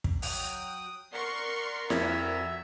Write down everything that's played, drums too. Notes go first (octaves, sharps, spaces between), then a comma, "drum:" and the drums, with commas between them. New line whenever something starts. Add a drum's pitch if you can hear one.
drum: kick
F#3 G5 D#6 F#6, drum: open hi-hat
A#4 D5 F#5 A#5 C6 C#6
F2 F#4 E5 G#6, drum: snare E4